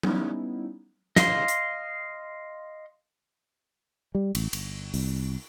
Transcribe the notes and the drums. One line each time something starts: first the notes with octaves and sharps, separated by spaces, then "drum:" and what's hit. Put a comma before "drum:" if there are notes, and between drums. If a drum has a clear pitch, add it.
G3 B3 C#4 D#4 E4, drum: tom
D#5 F5 C6, drum: snare
drum: hi-hat
G3
A1, drum: cymbal
G1, drum: cymbal
C2, drum: open hi-hat